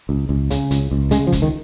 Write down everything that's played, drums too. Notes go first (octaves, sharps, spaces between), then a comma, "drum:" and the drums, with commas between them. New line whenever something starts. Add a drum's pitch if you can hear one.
C#2
C#2
C#3, drum: hi-hat
C#2, drum: hi-hat
C#2
C#3 G#3, drum: hi-hat
F3
C#2, drum: kick F#1, hi-hat
D#3